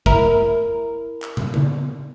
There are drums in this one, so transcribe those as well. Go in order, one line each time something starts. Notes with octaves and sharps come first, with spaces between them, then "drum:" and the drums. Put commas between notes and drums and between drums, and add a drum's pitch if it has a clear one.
E4 A#4, drum: kick
drum: clap
drum: tom
drum: tom C#3